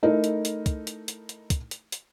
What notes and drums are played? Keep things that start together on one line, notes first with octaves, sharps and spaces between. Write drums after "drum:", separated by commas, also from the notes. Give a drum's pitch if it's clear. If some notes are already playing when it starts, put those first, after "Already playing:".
A3 D#4 E4 A#4
drum: hi-hat
drum: hi-hat
drum: kick, hi-hat
drum: hi-hat
drum: hi-hat
drum: hi-hat
drum: kick, hi-hat
drum: hi-hat
drum: hi-hat